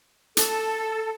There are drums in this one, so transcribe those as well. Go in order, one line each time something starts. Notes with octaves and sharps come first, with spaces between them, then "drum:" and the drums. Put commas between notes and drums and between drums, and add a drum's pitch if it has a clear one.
A4, drum: hi-hat